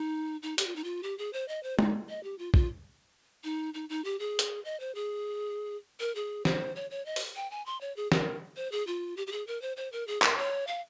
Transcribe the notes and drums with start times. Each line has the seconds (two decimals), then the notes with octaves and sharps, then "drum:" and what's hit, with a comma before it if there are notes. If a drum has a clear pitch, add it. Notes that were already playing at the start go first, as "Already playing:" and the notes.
Already playing: D#4
0.43 D#4
0.58 G4, drum: hi-hat
0.67 F4
0.76 D#4
0.84 F4
1.03 G4
1.18 G#4
1.33 C5
1.48 D#5
1.63 C5
1.79 D#4, drum: tom
2.09 D#5
2.23 G4
2.38 F4
2.54 F4, drum: kick A#1
3.44 D#4
3.74 D#4
3.89 D#4
4.05 G4
4.19 G#4
4.39 drum: hi-hat
4.65 D#5
4.80 C5
4.95 G#4
6.00 A#4
6.15 G#4
6.45 C5, drum: snare
6.76 C#5
6.91 C#5
7.06 D#5
7.16 drum: open hi-hat
7.36 G5
7.51 G#5
7.66 C6
7.81 C#5
7.97 G#4
8.12 A#4, drum: snare
8.57 C5
8.72 G#4
8.87 F4
9.17 G4
9.27 G4
9.32 G#4
9.47 A#4
9.62 C5
9.77 C5
9.92 A#4
10.07 G#4
10.22 A#4, drum: clap
10.37 C#5
10.67 F5